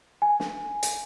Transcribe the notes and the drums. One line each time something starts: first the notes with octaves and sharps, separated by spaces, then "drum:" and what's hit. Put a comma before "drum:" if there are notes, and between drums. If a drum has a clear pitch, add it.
G#5
drum: snare
drum: hi-hat